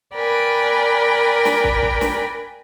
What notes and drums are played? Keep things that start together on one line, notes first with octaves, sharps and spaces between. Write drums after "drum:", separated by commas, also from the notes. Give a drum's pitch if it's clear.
A#4 B4 D5 G5 G#5
drum: snare
drum: kick
drum: kick
drum: snare